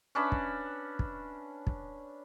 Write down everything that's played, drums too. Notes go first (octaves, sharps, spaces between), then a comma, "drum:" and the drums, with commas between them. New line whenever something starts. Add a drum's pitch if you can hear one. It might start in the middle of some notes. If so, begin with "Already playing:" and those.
C#4 D4 B4 E5
drum: kick
drum: kick
drum: kick